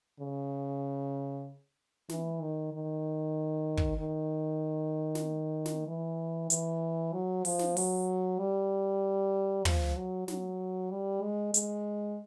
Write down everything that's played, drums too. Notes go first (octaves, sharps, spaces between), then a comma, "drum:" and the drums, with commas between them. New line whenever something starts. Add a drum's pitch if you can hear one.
C#3
E3, drum: snare
D#3
D#3
drum: kick
D#3
drum: snare
drum: snare
E3
E3, drum: hi-hat
F#3
F3, drum: open hi-hat
drum: snare
F#3, drum: open hi-hat
G3
F3, drum: tom
F#3
F#3, drum: snare
G3
G#3
G#3, drum: hi-hat